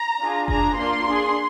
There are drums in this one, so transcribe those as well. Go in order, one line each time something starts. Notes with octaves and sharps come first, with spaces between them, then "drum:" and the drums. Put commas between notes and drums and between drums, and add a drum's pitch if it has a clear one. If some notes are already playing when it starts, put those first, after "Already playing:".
Already playing: A#5
D4 F4 G#4
D4 G#4 A#5, drum: kick F#1
A#3 D4 F4 C6
D4 G#4